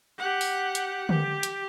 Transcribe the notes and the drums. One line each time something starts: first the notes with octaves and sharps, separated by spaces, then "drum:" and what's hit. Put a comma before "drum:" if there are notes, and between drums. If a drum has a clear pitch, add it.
G4 F#5
drum: open hi-hat
drum: hi-hat
G4, drum: tom D3
drum: hi-hat